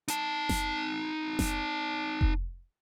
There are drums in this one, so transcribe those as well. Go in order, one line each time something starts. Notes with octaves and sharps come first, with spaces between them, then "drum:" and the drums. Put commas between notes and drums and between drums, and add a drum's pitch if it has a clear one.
D#4 A5, drum: hi-hat
drum: snare F#1
drum: snare F#1
drum: kick F1